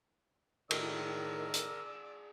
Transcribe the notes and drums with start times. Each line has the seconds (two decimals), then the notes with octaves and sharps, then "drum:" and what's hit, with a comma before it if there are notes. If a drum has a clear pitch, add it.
0.71 A2 D#3 G#3 A#4 D5 E6, drum: cymbal
1.54 drum: hi-hat